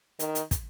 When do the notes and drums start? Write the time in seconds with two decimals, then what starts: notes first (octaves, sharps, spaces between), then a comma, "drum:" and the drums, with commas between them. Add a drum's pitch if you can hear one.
0.19 D#3, drum: hi-hat
0.35 drum: hi-hat
0.51 drum: kick, hi-hat